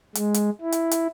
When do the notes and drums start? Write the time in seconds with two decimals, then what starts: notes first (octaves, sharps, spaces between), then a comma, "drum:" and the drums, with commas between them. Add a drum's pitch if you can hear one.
0.15 G#3, drum: hi-hat
0.34 drum: hi-hat
0.61 E4
0.72 drum: hi-hat
0.91 drum: hi-hat